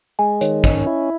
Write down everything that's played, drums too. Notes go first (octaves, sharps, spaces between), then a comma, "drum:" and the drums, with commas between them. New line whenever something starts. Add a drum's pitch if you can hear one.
G#3 G#5
D#3 C#5, drum: hi-hat
C#4 D#5, drum: kick
E4